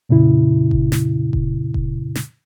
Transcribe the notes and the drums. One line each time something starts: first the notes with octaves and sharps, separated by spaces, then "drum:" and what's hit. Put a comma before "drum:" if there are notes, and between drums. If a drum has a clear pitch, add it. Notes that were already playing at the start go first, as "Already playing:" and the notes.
F2 A#2 C#3 E4
drum: kick F#1
drum: snare
drum: kick F#1
drum: kick F#1
drum: snare